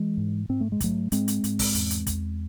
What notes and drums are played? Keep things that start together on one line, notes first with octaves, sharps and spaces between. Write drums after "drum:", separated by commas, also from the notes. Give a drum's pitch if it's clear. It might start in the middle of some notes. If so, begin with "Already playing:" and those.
Already playing: E3 G#3
G#2
G#2 C4
A3
G#3
G#2 F#3 A3, drum: kick, hi-hat
G#2 G#3 C4, drum: hi-hat
drum: hi-hat
G#2, drum: hi-hat
drum: kick, open hi-hat
E2, drum: hi-hat
drum: hi-hat
E2, drum: kick, hi-hat